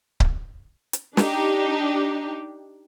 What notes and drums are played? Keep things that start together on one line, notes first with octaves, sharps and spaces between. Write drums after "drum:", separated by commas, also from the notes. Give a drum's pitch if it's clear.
drum: kick C#1
drum: hi-hat
D4 D#4 G4, drum: snare